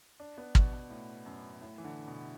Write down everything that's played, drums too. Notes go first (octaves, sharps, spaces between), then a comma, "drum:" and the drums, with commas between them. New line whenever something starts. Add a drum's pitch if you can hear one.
D4
B3
B2, drum: kick
B2
A2
F#2
A2
E3
D3
B2